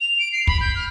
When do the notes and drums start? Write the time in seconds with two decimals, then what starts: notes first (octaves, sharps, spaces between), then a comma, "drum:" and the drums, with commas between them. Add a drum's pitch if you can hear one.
0.01 F7
0.19 D7
0.33 C7
0.47 B5, drum: kick
0.61 G6
0.75 F6